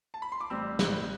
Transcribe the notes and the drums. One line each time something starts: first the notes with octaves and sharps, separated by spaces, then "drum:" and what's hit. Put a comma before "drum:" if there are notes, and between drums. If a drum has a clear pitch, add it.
A5
B5
C6
D6
A1 A2 G3 C4 E6
A1 A2 G3 C4 F#6, drum: snare